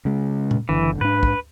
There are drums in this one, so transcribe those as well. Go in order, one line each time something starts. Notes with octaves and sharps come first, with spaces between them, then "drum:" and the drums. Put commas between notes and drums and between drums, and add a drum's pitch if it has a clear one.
C#3 G#3
drum: tom A#2
F#1 D3 E3
G#2 D4 B4
drum: kick